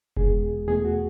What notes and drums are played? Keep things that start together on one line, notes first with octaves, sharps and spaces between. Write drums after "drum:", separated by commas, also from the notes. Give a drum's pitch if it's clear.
E2 B2 G#3 G#4, drum: kick F1
E2 B2 A3 G#4
F#4